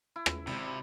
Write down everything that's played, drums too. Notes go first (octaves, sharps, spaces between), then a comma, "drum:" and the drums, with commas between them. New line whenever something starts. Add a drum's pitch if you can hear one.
E4
drum: rim click
G#1 C3